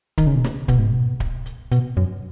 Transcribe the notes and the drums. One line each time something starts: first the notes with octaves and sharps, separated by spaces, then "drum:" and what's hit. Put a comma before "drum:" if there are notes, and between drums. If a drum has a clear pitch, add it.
D#3, drum: kick D1, hi-hat
C#3
B2
C#3, drum: snare
B2, drum: kick D1, hi-hat
G#2
B2
drum: kick D1
drum: hi-hat
B2, drum: hi-hat
F#2